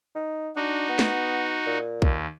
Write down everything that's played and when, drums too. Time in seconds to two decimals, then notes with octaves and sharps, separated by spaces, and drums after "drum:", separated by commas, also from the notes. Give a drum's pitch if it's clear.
0.16 D#4
0.56 D4 D#4 F#4
0.89 B3
0.99 drum: snare
1.66 A#2
2.02 D#2, drum: kick B1